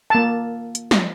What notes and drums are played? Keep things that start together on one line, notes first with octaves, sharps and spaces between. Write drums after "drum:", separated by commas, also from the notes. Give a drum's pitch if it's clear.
A#3 A5
drum: hi-hat
drum: snare